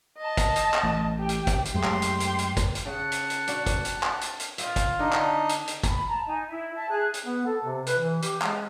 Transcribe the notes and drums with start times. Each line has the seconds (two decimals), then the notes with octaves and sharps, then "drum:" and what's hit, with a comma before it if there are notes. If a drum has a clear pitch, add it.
0.18 D#5 A5
0.37 drum: kick, hi-hat
0.56 drum: hi-hat
0.74 drum: clap
0.83 A1 A2
1.17 G4 G5
1.29 drum: hi-hat
1.47 drum: kick, hi-hat
1.65 drum: hi-hat
1.74 F#2 G#3 A3 G4 C6
1.84 drum: clap
2.02 drum: hi-hat
2.20 drum: hi-hat
2.39 drum: hi-hat
2.57 drum: kick, hi-hat
2.75 drum: hi-hat
2.86 C#3 F#5 A5
3.12 drum: hi-hat
3.30 drum: hi-hat
3.48 D4 F#4, drum: hi-hat
3.66 drum: kick, hi-hat
3.85 drum: hi-hat
4.03 drum: clap
4.21 drum: hi-hat
4.40 drum: hi-hat
4.58 F4 D#5 E5, drum: hi-hat
4.76 drum: kick, hi-hat
4.99 D3 D4 D#4 D#5
5.13 drum: clap
5.49 drum: hi-hat
5.68 drum: hi-hat
5.84 B5, drum: kick, hi-hat
6.07 A5 A#5
6.27 D#4 G#5
6.48 E4 E5
6.73 E5 A5
6.89 G#4 F#6
7.14 drum: hi-hat
7.26 B3
7.46 A4
7.65 C3
7.87 B4, drum: hi-hat
7.99 E3
8.22 G4, drum: hi-hat
8.42 G#3, drum: clap